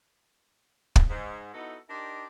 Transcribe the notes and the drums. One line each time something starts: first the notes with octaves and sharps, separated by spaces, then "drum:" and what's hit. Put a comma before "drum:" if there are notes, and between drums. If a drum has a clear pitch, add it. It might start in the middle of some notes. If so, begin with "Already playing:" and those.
drum: kick
G#2
B3 D#4 E4 F#4 A4
D4 D#4 G4 A#4 C5 D5